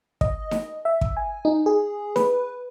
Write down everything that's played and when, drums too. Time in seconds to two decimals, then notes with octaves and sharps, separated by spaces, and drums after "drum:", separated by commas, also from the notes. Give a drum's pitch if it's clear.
0.21 D#5, drum: kick
0.51 drum: snare D#4
0.85 E5
1.01 drum: kick
1.17 G#5
1.45 D#4
1.66 G#4
2.16 B4, drum: snare D#4